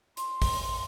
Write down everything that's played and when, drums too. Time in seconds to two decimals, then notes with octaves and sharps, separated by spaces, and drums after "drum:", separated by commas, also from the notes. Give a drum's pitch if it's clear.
0.17 C6, drum: hi-hat
0.42 drum: kick, open hi-hat